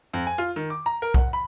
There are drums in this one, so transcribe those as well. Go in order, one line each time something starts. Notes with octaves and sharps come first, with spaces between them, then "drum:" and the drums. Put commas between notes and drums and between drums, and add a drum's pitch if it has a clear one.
F2
G#5
F4
D#3
D6
A#5
A#4
F#5, drum: kick B1
B5